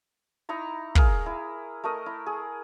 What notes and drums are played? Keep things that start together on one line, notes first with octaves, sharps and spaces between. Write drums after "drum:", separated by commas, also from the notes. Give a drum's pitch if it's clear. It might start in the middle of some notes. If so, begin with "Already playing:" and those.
D#4 E4 A#5 C#6
G#4 A#4 F5, drum: kick
E4
A3 A#4 D#5
E4
G#4